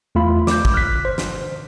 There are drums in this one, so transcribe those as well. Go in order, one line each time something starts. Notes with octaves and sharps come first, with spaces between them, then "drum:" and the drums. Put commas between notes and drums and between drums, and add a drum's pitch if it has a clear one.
E2 A3 F4 B5
D6 G6, drum: snare
drum: kick
F6 F#6 B6
C5
drum: snare